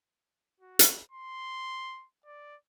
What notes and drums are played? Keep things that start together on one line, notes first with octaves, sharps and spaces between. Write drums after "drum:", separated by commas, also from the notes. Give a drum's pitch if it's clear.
F#4
drum: hi-hat
C6
D5